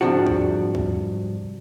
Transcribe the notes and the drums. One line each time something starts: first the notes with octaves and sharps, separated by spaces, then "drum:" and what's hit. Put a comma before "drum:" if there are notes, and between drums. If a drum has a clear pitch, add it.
C2 G#2 C3 F3 D4 F#4
drum: kick
drum: kick